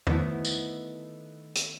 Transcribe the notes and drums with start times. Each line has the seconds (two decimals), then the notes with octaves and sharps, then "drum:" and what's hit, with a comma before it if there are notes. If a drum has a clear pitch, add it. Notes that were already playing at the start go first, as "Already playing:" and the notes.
0.07 D#3 A3 B3 E4, drum: tom E2
0.45 drum: tambourine
1.55 drum: hi-hat